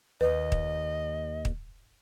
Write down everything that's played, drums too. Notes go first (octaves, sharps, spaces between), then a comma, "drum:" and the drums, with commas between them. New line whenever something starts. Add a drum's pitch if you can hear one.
D#2 B4 D#5
drum: kick
drum: kick